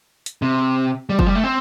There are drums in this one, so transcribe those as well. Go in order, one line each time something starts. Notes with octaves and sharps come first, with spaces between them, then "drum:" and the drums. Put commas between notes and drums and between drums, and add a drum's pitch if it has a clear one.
drum: hi-hat
C3
G3
F3, drum: kick
G3
A3
C4